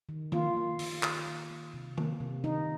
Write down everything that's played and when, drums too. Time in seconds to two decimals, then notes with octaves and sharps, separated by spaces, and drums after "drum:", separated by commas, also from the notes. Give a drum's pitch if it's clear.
0.09 D#3
0.32 A#3 F4, drum: tom D#3
0.56 A#3
0.79 D#3, drum: open hi-hat
1.03 D#3, drum: clap
1.27 A#3
1.50 A#3
1.74 C3
1.97 A#3, drum: tom D#3
2.20 C3
2.44 D#3 D#4